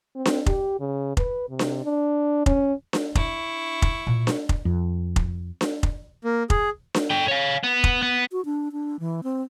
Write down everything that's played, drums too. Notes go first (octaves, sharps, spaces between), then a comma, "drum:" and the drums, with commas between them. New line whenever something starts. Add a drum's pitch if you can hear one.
C4
drum: snare D4
G4, drum: kick F1
C#3
B4, drum: kick F1
C3
drum: snare D4
D4
C#4, drum: kick F1
drum: snare D4
D4 E4 C#6, drum: kick F1
drum: kick F1
A#2
drum: snare D4
drum: kick F1
F2
drum: kick F1
drum: snare D4
drum: kick F1
A#3
G#4, drum: kick F1
drum: snare D4
A4 G5
C#5 F5
B3
drum: kick F1
B3
F#4
D4
D4
E3
C4